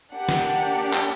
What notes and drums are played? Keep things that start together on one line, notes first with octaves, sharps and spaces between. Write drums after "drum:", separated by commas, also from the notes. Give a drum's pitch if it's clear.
A#3 D4 G4 F#5
drum: snare
drum: clap